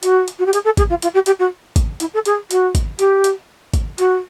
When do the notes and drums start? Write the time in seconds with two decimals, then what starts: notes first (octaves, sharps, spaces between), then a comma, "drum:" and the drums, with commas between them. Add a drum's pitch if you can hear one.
0.03 F#4, drum: hi-hat
0.28 drum: hi-hat
0.39 F#4
0.46 G4
0.53 G#4, drum: hi-hat
0.64 A4
0.77 G#4, drum: kick G#1, hi-hat
0.90 F4
1.02 F4, drum: hi-hat
1.14 G4
1.26 G4, drum: hi-hat
1.39 F#4
1.76 drum: kick G#1, hi-hat
2.00 E4, drum: hi-hat
2.14 A4
2.25 G#4, drum: hi-hat
2.51 F#4, drum: hi-hat
2.75 drum: kick G#1, hi-hat
2.99 G4, drum: hi-hat
3.24 drum: hi-hat
3.74 drum: kick G#1, hi-hat
3.98 F#4, drum: hi-hat